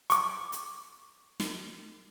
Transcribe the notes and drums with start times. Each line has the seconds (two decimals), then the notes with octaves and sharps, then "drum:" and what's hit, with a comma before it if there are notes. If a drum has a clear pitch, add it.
0.10 C#6 D6, drum: hi-hat
0.52 drum: hi-hat
1.40 drum: snare